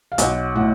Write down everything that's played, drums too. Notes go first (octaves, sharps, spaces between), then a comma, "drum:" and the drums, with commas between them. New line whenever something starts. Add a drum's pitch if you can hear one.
F5
B1 F#5, drum: hi-hat
A2 F#5